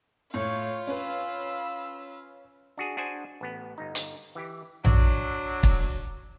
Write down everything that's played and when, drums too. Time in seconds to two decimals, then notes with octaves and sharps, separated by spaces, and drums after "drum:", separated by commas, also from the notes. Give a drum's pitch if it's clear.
0.34 A2 F4 C#5 F5
0.87 C#4 B4 B5 E6
2.77 D4 F#4 G#4
2.97 D4 F#4 G#4 C5 G#5
3.41 A1 B3
3.78 G1 D#4
3.95 drum: hi-hat
4.35 E3 G4
4.85 F#3 D4, drum: tom A#1
5.63 drum: kick